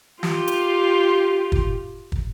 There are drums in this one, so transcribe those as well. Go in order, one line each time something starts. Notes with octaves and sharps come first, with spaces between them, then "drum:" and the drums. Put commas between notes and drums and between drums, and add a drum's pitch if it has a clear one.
F4 G4, drum: snare
drum: hi-hat
drum: kick
drum: kick